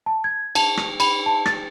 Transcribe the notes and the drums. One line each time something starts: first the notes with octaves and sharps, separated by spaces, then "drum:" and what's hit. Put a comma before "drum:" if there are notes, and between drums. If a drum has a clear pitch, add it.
A5
G#6
A5, drum: cymbal
drum: rim click
B5, drum: cymbal
A5
A6, drum: rim click